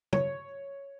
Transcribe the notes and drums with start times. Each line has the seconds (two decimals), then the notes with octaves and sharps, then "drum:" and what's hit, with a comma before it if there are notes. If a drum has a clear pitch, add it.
0.13 C#5, drum: tom